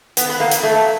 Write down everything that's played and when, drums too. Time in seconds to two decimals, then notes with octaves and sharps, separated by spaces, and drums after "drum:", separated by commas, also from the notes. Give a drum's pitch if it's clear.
0.17 B3, drum: hi-hat
0.29 B3
0.40 A#3
0.51 drum: hi-hat
0.63 A3